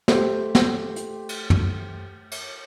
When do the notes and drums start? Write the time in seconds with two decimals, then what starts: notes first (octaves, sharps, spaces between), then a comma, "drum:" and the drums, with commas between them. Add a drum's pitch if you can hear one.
0.08 A3 G4 C5, drum: snare
0.55 drum: snare
0.96 drum: hi-hat
1.29 drum: cymbal
1.50 drum: tom
2.31 drum: cymbal